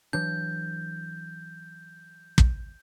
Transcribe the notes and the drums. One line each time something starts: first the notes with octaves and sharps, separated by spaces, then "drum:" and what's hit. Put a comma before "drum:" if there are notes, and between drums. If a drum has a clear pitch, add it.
E3 F#3 D4 G6
drum: kick